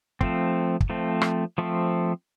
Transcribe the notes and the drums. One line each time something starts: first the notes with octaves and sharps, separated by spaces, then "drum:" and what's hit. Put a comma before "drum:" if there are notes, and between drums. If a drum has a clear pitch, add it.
F3 A3 C4, drum: kick
drum: kick
F3 A3 C4
drum: rim click
F3 A3 C4